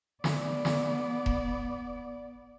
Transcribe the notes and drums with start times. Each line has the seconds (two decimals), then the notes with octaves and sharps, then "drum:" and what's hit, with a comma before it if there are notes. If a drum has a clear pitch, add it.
0.24 B3 D5, drum: snare
0.65 drum: snare
1.26 drum: kick E1